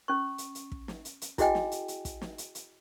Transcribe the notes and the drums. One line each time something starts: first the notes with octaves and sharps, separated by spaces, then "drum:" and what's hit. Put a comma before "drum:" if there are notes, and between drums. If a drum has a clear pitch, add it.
C#4 C#6
drum: hi-hat
drum: hi-hat
drum: kick
drum: snare
drum: hi-hat
drum: hi-hat
E4 F#4 G#4 D#5 G5 G#5, drum: kick, hi-hat
drum: snare
drum: hi-hat
drum: hi-hat
drum: kick, hi-hat
drum: snare
drum: hi-hat
drum: hi-hat